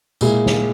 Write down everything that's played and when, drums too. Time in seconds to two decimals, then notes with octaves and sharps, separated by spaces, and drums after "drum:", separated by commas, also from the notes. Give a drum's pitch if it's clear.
0.21 A#2 G#3 E4, drum: tambourine
0.46 drum: snare